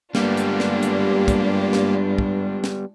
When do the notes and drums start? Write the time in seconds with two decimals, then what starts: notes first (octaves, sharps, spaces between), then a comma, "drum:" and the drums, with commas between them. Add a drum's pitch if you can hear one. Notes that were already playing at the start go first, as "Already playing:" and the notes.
0.15 G2 G3 G#3 A#3 B3 D4 F4 G4, drum: snare
0.37 drum: hi-hat
0.60 drum: snare
0.83 drum: hi-hat
1.28 drum: kick, hi-hat
1.73 drum: snare
2.18 drum: kick
2.64 drum: snare